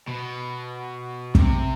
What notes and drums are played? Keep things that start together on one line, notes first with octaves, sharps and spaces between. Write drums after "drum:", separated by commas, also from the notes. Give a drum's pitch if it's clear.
B2
C3, drum: kick